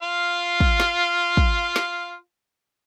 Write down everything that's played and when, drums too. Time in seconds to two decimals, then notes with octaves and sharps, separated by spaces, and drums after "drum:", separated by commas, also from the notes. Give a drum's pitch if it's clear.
0.03 F4 F5
0.60 drum: kick
0.80 drum: snare
1.37 drum: kick
1.76 drum: snare